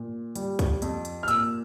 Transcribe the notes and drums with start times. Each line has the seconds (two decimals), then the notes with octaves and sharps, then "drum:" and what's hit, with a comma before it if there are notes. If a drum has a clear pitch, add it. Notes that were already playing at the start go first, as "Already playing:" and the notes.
Already playing: A#2
0.35 G3, drum: hi-hat
0.59 drum: kick C#2, hi-hat
0.82 F2, drum: hi-hat
1.05 drum: hi-hat
1.23 F6
1.28 A#2 E6, drum: hi-hat